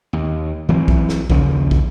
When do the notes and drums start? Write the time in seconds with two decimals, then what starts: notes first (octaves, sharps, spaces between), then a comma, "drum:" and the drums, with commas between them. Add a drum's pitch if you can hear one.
0.13 D#2
0.69 E3 F#3 C4
0.88 drum: kick
1.09 drum: snare
1.30 D#2 C#3 F3, drum: kick
1.71 drum: kick